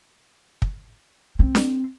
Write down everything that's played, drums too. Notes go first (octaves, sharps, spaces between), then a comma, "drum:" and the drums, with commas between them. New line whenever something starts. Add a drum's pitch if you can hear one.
drum: kick
C4
drum: snare D4